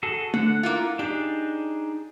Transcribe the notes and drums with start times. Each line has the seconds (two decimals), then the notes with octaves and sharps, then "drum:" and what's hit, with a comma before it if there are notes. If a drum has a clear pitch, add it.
0.03 F#4 G#4 A4
0.34 D3 F#5, drum: tom A3
0.63 A#3 E4 F4
0.99 D4 D#4 G4 G#4